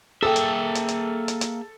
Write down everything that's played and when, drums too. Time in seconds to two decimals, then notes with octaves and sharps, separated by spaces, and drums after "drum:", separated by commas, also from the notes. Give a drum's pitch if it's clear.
0.23 A#3 G#4 A4 E5 G5
0.36 drum: hi-hat
0.75 drum: hi-hat
0.88 drum: hi-hat
1.28 drum: hi-hat
1.41 drum: hi-hat